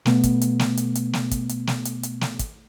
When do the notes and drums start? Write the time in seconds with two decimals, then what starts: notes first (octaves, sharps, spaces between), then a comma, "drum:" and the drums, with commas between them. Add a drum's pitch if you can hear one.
0.06 B2 A3 B3, drum: snare
0.23 drum: kick, hi-hat
0.41 drum: hi-hat
0.59 drum: snare
0.77 drum: hi-hat
0.95 drum: hi-hat
1.13 drum: snare
1.31 drum: kick, hi-hat
1.49 drum: hi-hat
1.67 drum: snare
1.85 drum: hi-hat
2.03 drum: hi-hat
2.21 drum: snare
2.39 drum: kick, hi-hat